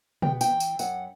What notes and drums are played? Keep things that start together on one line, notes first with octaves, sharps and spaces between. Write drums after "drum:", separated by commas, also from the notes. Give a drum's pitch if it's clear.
B3 G5, drum: tom
G5, drum: tambourine
E3
drum: tambourine
F#2 F#5, drum: tambourine